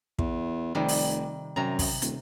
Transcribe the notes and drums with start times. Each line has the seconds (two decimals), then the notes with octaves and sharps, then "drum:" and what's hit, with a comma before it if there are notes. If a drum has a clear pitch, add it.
0.19 E2, drum: kick
0.75 F1 C3 D#3 G3
0.88 drum: open hi-hat
1.56 F#2 C3 A#5
1.79 drum: kick, open hi-hat
2.02 D#1, drum: hi-hat